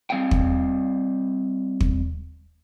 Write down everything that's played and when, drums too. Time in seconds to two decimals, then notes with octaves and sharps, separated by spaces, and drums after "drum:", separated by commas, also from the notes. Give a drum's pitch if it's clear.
0.10 G3 C4 D#5 F5 G5
0.31 drum: kick
1.80 drum: kick